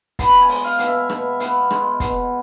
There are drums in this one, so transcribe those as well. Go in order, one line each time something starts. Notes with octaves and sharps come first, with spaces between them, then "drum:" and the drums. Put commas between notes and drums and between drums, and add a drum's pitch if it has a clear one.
B3 B5, drum: kick, hi-hat
G#5
G#3, drum: open hi-hat
F5
B2, drum: hi-hat
E5
B2, drum: rim click
B3, drum: hi-hat
G#3, drum: rim click
B2, drum: kick, hi-hat